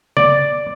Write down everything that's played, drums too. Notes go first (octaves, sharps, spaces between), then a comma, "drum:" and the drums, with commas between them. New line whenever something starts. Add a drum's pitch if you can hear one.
D5, drum: tom C#3